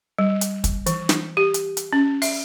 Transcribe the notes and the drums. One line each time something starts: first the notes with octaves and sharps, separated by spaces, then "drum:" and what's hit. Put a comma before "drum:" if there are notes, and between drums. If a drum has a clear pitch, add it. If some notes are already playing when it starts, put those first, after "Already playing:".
G3
drum: hi-hat
drum: kick, hi-hat
E3, drum: hi-hat
drum: snare
G4
drum: hi-hat
drum: hi-hat
C#4
E5, drum: open hi-hat